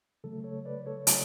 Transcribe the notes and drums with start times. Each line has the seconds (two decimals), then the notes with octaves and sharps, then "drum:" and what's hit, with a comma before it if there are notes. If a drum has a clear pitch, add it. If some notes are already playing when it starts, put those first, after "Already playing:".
0.24 C#3 F#3 A3 A4
0.44 A4 C#5
0.65 B4 D5
0.86 A4 C#5
1.07 C#3 F#3 A3, drum: hi-hat